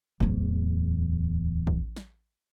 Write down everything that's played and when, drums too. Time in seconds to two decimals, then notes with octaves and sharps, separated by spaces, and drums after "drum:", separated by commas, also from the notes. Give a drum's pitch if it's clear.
0.20 D1 E2, drum: kick
1.67 drum: kick
1.96 drum: snare